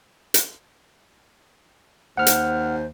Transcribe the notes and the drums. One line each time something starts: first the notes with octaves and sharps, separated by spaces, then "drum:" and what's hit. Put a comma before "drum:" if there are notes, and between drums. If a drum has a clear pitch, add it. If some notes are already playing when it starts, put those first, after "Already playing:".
drum: hi-hat
D#2 C5 F#5 F6
drum: hi-hat